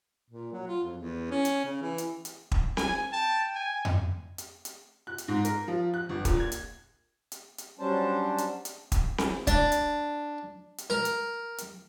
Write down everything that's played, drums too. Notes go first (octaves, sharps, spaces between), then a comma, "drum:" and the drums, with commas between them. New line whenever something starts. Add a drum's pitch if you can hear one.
A#2
F#3
F4
F2
E2
C#4
drum: hi-hat
C#3
E3
drum: hi-hat
drum: hi-hat
drum: kick
G#5, drum: snare C4
G5 A5
G#5
drum: tom F2
drum: hi-hat
drum: hi-hat
F#6
drum: hi-hat
G#2
A#4, drum: hi-hat
F3
F#6
G1
A#2, drum: kick, hi-hat
G#6
drum: hi-hat
drum: hi-hat
drum: hi-hat
F#3 G3 C#4 D4 C5 A5
drum: hi-hat
drum: hi-hat
drum: kick, hi-hat
drum: snare C4
D4, drum: kick, hi-hat
drum: hi-hat
drum: hi-hat
A#4
drum: hi-hat
drum: hi-hat